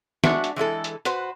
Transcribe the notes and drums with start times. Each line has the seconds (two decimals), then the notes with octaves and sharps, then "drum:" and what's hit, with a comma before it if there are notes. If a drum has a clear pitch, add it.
0.24 G#3 D4 F#4 E5 F#5, drum: snare
0.44 drum: hi-hat
0.56 E3 G#3 E4 A4
0.84 drum: hi-hat
1.05 F#4 B4 C5, drum: hi-hat